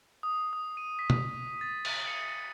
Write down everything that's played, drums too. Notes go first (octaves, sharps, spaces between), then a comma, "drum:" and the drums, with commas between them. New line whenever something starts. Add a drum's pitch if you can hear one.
D#6
D#6
D#7
B6
drum: tom
A6
drum: cymbal
C#7